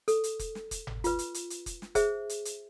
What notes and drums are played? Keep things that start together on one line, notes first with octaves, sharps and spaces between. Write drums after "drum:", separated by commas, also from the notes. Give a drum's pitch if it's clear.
A4, drum: hi-hat
drum: hi-hat
drum: kick F1, hi-hat
drum: snare
drum: kick F1, hi-hat
drum: tom G1
F4 B4, drum: hi-hat
drum: hi-hat
drum: hi-hat
drum: hi-hat
drum: kick F1, hi-hat
drum: snare
G#4 C5 E5, drum: kick F1, hi-hat
drum: hi-hat
drum: hi-hat